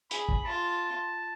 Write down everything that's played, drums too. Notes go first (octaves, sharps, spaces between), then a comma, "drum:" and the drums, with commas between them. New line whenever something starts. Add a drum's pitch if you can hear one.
G#4 B5, drum: hi-hat
drum: kick
F4 A5